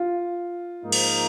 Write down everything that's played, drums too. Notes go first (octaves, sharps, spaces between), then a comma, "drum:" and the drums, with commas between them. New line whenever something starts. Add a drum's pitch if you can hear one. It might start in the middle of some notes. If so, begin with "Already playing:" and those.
Already playing: F4
G#2 F3 A#3 D#4
drum: cymbal